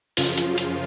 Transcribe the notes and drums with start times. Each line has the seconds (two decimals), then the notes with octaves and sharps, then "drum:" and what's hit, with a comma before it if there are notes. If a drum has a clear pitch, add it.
0.17 F#2 C#3 F3 F4, drum: open hi-hat
0.37 drum: hi-hat
0.58 drum: hi-hat